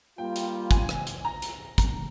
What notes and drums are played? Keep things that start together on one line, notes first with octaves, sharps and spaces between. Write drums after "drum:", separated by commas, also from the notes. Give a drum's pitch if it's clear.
G3 A#3 F4 G5
drum: hi-hat
G#5, drum: kick, hi-hat
drum: rim click
drum: hi-hat
A#5
drum: hi-hat
A#5, drum: kick, hi-hat